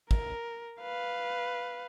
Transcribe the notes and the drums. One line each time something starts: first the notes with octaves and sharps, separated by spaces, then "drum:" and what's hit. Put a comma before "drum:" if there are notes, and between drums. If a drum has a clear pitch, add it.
A#4, drum: kick
B4 F5